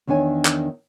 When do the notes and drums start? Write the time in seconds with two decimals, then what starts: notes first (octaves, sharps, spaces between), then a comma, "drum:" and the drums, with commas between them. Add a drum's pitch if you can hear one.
0.07 E2 D#3 D4 C#5 G#5
0.45 drum: clap